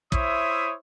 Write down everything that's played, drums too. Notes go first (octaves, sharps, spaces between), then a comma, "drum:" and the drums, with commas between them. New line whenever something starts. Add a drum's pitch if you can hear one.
E4 C5 C#5 E5 D#6, drum: kick